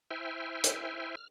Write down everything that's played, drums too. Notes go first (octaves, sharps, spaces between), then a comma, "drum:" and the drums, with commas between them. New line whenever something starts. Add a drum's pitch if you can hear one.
E4 C5 E5 G5 G#5 F6
drum: hi-hat
F6